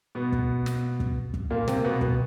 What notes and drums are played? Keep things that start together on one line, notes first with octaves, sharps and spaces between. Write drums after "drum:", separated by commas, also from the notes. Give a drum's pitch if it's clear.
B2 B3
drum: kick
drum: snare
drum: kick
drum: kick
A#2 A#3
C3 C4, drum: snare
A#3
B2 B3
B2 B3, drum: kick